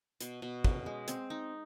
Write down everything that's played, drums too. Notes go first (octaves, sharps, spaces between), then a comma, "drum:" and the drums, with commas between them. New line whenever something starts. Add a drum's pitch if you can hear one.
B2, drum: hi-hat
B2
C#4, drum: kick
G#3
C4, drum: hi-hat
D#4